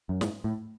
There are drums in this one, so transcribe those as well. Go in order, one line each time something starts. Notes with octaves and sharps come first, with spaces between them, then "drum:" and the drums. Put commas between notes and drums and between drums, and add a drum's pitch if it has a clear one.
F#2
G#2, drum: snare
A2